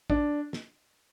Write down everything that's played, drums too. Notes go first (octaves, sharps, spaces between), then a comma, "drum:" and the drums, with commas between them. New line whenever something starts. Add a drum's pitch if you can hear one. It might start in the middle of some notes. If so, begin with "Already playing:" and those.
D4, drum: kick
drum: snare